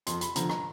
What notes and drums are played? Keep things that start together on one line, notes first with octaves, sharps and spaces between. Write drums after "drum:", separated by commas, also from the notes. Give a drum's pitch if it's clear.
F2 C6, drum: hi-hat
B5, drum: hi-hat
D3 F3 A#5, drum: hi-hat
A#5, drum: rim click